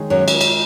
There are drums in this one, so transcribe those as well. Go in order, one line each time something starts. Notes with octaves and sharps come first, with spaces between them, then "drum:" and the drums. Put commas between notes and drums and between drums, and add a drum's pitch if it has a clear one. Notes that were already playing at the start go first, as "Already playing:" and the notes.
Already playing: D#3 G#3 D#4 G#4 C#5
F#2 F#3
drum: cymbal
drum: cymbal